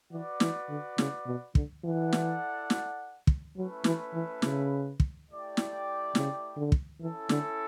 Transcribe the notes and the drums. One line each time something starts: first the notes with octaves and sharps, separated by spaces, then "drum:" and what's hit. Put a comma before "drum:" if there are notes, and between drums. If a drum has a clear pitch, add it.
E3 F#4 B4 D5
E3, drum: snare
D3
C#3, drum: snare
B2
D3, drum: kick
E3 E4 A4 D5 F#5
drum: snare
drum: snare
drum: kick
F#3 A3 C#4 E4 B4
E3, drum: snare
E3
C#3, drum: snare
drum: kick
A3 E4 G4 D5 G5
drum: snare
C#3, drum: snare
D3
drum: kick
E3 C#4 E4 A4
D3, drum: snare